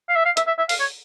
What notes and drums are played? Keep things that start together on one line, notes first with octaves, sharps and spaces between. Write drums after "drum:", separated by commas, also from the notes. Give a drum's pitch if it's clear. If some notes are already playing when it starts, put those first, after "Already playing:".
F5
E5
F5
E5, drum: hi-hat
E5
E5
F5, drum: open hi-hat
C#5